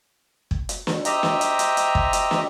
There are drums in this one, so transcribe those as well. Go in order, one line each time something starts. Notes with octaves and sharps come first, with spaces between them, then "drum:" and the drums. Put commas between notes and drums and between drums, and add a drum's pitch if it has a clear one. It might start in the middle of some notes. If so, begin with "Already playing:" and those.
drum: kick
drum: hi-hat
drum: snare
G4 C5 D#5 E5 G5 A#5, drum: hi-hat
drum: snare
drum: hi-hat
drum: hi-hat
drum: hi-hat
drum: kick
drum: hi-hat
drum: snare